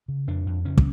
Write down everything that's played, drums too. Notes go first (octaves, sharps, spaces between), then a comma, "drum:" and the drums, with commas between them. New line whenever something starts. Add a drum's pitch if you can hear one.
C#3
F2 D4
F2
C#3 C#4
drum: kick